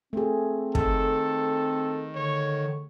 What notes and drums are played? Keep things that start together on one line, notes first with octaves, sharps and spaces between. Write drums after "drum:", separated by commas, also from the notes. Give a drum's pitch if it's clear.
A3 C4 G#4
D#3 A4, drum: kick
D3 C#5